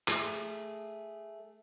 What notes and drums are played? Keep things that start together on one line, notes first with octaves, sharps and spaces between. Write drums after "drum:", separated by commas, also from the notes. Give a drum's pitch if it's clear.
A3 G#4, drum: clap